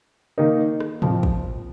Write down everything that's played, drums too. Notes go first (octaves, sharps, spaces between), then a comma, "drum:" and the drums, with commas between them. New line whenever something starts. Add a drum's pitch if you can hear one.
D#3 A#3 D#4
drum: rim click
F2 F3 C4, drum: tom
drum: kick